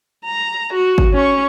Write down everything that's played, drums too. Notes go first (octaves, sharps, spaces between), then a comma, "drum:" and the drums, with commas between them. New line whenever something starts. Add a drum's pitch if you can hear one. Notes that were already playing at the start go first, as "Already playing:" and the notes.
A#5
F#4
drum: kick G1
C#4 C#6